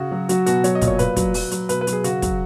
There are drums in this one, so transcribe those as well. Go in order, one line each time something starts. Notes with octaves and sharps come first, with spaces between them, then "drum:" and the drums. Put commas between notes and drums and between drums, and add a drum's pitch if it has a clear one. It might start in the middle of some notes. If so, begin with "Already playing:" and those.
Already playing: C#3 F#4
F#3
F#3 F#4, drum: hi-hat
B2 F#4, drum: hi-hat
F#3 C#5, drum: hi-hat
D#5
A#2, drum: kick, hi-hat
C#5
A#2 B4, drum: hi-hat
F#3, drum: kick, hi-hat
F#3, drum: open hi-hat
F#3, drum: hi-hat
B2 B4, drum: hi-hat
B4
F#3, drum: hi-hat
G#4
C#3 F#4, drum: hi-hat
F#3, drum: kick, hi-hat